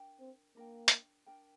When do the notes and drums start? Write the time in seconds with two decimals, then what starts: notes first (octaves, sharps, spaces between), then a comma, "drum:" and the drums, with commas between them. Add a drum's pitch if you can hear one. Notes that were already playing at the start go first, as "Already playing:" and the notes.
Already playing: D4 A#4 G5
0.20 C4
0.55 A#3 D4 A#4 G5
0.88 drum: hi-hat
1.26 D4 A#4 G5